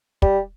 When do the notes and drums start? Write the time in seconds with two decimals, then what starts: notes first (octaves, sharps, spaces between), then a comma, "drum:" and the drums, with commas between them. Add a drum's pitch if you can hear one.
0.22 G3, drum: kick